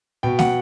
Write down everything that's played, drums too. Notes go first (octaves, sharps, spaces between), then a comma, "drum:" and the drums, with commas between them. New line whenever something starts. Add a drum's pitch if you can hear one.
B2 G5
F#5, drum: snare